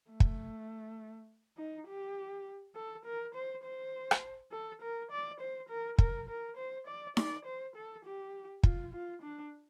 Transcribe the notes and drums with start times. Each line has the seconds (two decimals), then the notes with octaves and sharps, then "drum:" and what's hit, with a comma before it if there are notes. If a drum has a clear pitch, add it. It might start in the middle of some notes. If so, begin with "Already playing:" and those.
0.11 A3
0.20 drum: kick
1.58 D#4
1.87 G4
2.75 A4
3.05 A#4
3.35 C5
3.64 C5
4.11 drum: rim click
4.52 A4
4.82 A#4
5.11 D5
5.40 C5
5.69 A#4
5.98 A#4, drum: kick
6.29 A#4
6.57 C5
6.87 D5
7.17 D5, drum: snare D#4
7.45 C5
7.76 A4
8.05 G4
8.63 F4, drum: kick
8.93 F4
9.22 D4